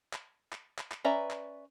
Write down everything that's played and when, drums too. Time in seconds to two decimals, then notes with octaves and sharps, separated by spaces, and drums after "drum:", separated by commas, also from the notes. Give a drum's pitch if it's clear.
0.13 drum: clap
0.52 drum: clap
0.78 drum: clap
0.91 drum: clap
1.05 C#4 B4 D5 E5 A#5
1.31 drum: clap